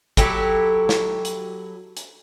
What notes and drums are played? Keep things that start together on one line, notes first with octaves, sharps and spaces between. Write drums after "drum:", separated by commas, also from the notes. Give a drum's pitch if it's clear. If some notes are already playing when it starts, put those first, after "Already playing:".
F#3 E4 G4 A4, drum: kick G#1, hi-hat
drum: snare
drum: hi-hat
drum: hi-hat